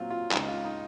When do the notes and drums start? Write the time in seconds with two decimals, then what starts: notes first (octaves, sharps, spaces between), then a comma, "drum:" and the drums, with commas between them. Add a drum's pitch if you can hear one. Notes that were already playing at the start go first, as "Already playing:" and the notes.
Already playing: A#2 F#3 C4 F4
0.10 F4
0.31 C#2 C#3 G#3 D#4, drum: clap
0.42 D#4
0.48 F4
0.65 D#4